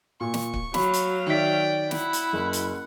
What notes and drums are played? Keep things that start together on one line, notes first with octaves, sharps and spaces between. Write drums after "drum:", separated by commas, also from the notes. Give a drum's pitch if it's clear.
A#2 C#6
drum: snare
drum: kick
F#3 F5 B5, drum: snare
drum: hi-hat
D#3 D5 E5 G5 B6
E4 F#5, drum: snare
drum: hi-hat
F#1
drum: hi-hat